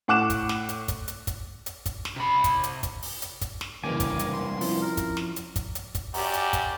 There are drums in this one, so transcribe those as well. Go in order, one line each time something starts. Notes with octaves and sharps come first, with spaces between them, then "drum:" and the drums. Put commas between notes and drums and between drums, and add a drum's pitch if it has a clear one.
A2 F#5 D6 F#6 E7
drum: kick, hi-hat
drum: snare
drum: hi-hat
drum: kick, hi-hat
drum: hi-hat
drum: kick, hi-hat
drum: hi-hat
drum: kick, hi-hat
drum: snare
C3 B5
drum: kick, hi-hat
drum: hi-hat
drum: kick, hi-hat
drum: open hi-hat
drum: hi-hat
drum: kick, hi-hat
drum: snare
C2 F#2 C#3 E3 A#3 G5 G#5 D6
drum: kick, hi-hat
drum: hi-hat
C6
F3 C4 C#4 E4, drum: open hi-hat
A#4
drum: kick, hi-hat
drum: snare
drum: hi-hat
drum: kick, hi-hat
drum: hi-hat
drum: kick, hi-hat
F#2 G4 D5 A#5, drum: open hi-hat
drum: hi-hat
drum: kick, hi-hat